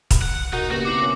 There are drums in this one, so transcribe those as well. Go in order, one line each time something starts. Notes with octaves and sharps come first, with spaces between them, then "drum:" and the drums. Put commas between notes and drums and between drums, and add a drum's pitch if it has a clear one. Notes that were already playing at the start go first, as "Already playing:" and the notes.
drum: kick, hi-hat
F#5
B2 D#4 F#4 A#4
G2 C#3 A#3 F#4
C4 E4 B4 D6 C7 F#7
C#4